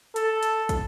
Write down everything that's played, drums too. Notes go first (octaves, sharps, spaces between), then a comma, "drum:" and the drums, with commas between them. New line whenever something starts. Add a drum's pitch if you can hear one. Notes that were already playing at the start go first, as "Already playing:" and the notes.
A4, drum: hi-hat
drum: hi-hat
drum: kick, hi-hat